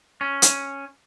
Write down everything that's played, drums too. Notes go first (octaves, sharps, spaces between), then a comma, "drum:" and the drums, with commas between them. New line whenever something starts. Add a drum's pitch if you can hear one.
C#4
drum: hi-hat